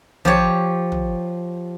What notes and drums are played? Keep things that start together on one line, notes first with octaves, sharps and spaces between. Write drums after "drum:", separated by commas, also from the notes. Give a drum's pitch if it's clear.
F3 G4 C#5, drum: tom
drum: tom